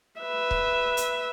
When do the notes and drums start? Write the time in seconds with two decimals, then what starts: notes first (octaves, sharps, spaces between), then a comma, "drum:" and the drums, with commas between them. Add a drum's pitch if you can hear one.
0.21 B4 E5
0.51 drum: kick C#1
0.97 drum: hi-hat